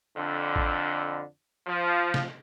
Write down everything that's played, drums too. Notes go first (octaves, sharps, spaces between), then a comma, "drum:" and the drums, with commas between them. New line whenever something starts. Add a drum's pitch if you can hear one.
F2 D3
drum: kick
F3
drum: snare